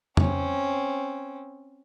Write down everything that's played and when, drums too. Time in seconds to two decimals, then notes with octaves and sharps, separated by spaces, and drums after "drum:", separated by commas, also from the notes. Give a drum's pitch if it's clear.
0.17 C4 C#4, drum: tom F2